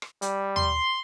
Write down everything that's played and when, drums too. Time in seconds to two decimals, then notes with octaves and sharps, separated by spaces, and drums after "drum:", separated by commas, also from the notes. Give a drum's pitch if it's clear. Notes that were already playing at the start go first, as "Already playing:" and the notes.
0.02 drum: rim click
0.22 G3, drum: hi-hat
0.56 C6, drum: tom